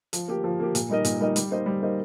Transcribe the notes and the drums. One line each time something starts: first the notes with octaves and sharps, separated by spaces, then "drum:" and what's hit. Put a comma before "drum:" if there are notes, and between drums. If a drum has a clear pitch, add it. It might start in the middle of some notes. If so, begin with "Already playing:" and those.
F3, drum: hi-hat
A#3 G4
F3
A#3 G4
A#2, drum: hi-hat
G3 D#4 A#4 D#5
A#2, drum: hi-hat
G3 D#4 A#4 D#5
G3, drum: hi-hat
A#3 D#4 C5 D#5
G3
A#3 D#4 C5 D#5